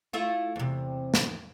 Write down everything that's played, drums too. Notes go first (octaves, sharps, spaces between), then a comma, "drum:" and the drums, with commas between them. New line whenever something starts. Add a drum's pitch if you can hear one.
A3 E4 F4
E2 C3
drum: snare